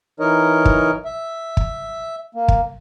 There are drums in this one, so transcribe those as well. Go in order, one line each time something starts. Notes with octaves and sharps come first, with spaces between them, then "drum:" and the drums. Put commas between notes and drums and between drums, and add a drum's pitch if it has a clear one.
E3 D#4 A#4 C#5 D#5
drum: kick
E5
drum: kick
A#3
drum: kick